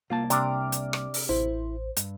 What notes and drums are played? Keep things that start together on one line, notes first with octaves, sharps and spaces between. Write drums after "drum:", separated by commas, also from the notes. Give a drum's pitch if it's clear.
C2 A#3 F4 A5
C3 D4 D5 D6 F6, drum: hi-hat
drum: hi-hat
drum: rim click
drum: open hi-hat
A1 E4 C5
G2, drum: hi-hat